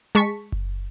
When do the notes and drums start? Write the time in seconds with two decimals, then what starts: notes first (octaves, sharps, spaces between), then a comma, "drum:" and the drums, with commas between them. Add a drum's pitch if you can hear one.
0.15 G#3 A5 C#6 B6
0.52 drum: kick F#1